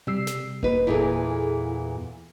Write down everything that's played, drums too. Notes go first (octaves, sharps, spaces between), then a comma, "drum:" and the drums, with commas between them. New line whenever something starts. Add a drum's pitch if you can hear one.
C3 G3 E6 C7
drum: snare
A#3 D#4 B4, drum: kick F#1
E2 A#2 E3 E4 G#4 A4